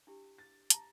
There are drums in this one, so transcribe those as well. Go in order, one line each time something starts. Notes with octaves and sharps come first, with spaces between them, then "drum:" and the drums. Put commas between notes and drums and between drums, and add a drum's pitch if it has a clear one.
D4 E4 G4
A6
A5 A#5, drum: hi-hat